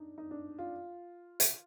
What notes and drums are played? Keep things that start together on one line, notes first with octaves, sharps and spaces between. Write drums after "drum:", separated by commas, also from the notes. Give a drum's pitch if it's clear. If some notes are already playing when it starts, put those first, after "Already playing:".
Already playing: D4 D#4
D#4
D4
F4
drum: hi-hat